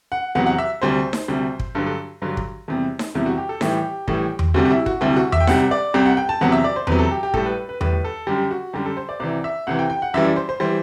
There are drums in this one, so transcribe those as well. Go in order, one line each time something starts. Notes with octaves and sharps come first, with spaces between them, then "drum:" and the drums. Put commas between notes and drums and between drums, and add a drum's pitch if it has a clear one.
F#5
E2 C3 F#3 F#5
F#5
E5
D2 C3 G3 C5
drum: snare D#4
D2 C3 G3
drum: kick
G2 D3 F#3 A4
A4
G2 D3 F#3
drum: kick
E2 C3 G3
drum: snare D#4
E2 C3 G3 E4
F#4
G4
A4
A2 E3 G3 G4, drum: snare D#4
A2 E3 G3, drum: kick
drum: tom E2
D2 C3 G3 F#4
F#4
E4
F#4, drum: kick
D2 C3 G3 E4
F#4
E5, drum: tom E2
G5
C2 C3 G3 F#5, drum: snare D#4
D5
C2 C3 G3 G5
F#5
G5
A5
E2 C3 F#3 F#5
E5
D5
C5
E2 C3 F#3 B4, drum: tom E2
A4
G4
G4
A2 G3 A4, drum: kick
B4
B4
A2 G3 B4, drum: tom E2
A4
F#2 D3 G3 G4
F#4
F#2 D3 G3 G4
A4
C5
D5
C2 C3 E3 D5
E5
C2 C3 E3 F#5
G5
G5
F#5
F#2 E3 G3 E5
D5
C5
C5
E3 G3 C5